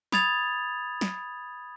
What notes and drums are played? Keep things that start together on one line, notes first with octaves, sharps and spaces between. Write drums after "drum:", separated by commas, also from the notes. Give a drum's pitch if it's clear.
B5 D#6 G#6 A6 F7, drum: snare
drum: snare